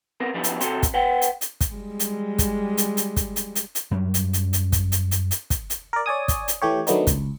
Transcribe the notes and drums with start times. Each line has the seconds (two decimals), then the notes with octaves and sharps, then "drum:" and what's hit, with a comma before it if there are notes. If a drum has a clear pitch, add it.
0.20 B3 C4 A#4
0.34 F3 G3 B3 D4 E4 G4
0.44 drum: hi-hat
0.61 C3 C4 F#4 A4 C6, drum: hi-hat
0.83 drum: kick, hi-hat
0.94 B4 F#5 G5
1.22 drum: hi-hat
1.41 drum: hi-hat
1.61 drum: kick, hi-hat
1.73 G3 G#3
2.00 drum: hi-hat
2.39 drum: kick, hi-hat
2.78 drum: hi-hat
2.97 drum: hi-hat
3.16 drum: kick, hi-hat
3.36 drum: hi-hat
3.55 drum: hi-hat
3.75 drum: hi-hat
3.91 F#2 F#3 G3
4.14 drum: hi-hat
4.33 drum: hi-hat
4.53 drum: hi-hat
4.72 drum: kick, hi-hat
4.92 drum: hi-hat
5.11 drum: hi-hat
5.31 drum: hi-hat
5.50 drum: kick, hi-hat
5.70 drum: hi-hat
5.93 A#4 D5
6.06 C#5 D5 G#5 D#6
6.28 drum: kick, hi-hat
6.48 drum: hi-hat
6.62 E3 A3 G4 C#5
6.87 D#3 F#3 A3 B3 D4 D#4, drum: hi-hat
7.07 C#2, drum: kick, hi-hat